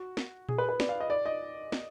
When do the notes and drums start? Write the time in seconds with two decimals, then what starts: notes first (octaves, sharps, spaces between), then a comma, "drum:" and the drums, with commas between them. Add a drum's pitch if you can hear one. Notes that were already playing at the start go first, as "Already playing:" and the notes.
Already playing: F#4
0.17 drum: snare
0.49 G#4, drum: tom A#2
0.58 B4
0.69 B4
0.80 D5, drum: snare
0.89 F5
1.00 D#5
1.10 D5
1.26 D#5
1.72 drum: snare